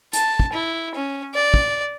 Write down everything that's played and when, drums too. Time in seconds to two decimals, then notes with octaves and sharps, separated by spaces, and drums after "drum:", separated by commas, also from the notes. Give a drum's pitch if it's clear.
0.13 A5, drum: hi-hat
0.40 drum: kick
0.53 E4
0.95 C#4
1.34 D5
1.54 drum: kick